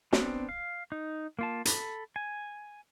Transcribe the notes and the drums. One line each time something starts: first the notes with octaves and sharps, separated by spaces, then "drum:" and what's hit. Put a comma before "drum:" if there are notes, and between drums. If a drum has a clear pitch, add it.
B3 C4 D4, drum: snare
F5
D#4
A#3 F4 A5
A4 B5, drum: hi-hat
G#5